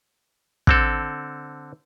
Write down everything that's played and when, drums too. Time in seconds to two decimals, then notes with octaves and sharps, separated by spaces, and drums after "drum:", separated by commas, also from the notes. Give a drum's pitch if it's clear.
0.67 D3 C4 A4, drum: kick